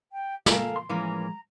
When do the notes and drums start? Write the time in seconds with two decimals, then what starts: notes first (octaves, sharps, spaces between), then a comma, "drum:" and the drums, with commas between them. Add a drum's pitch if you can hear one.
0.12 G5
0.46 A4 A#4 F5 G#5, drum: snare
0.76 C6
0.89 A2 E3 F3 G#3 A#3 C#4 A#5